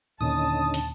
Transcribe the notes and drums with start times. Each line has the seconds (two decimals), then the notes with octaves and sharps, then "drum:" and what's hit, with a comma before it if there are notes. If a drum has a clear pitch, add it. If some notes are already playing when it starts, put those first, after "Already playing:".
0.21 D#2 A#2 D3 C#4 D#4 A5 D#6
0.74 drum: open hi-hat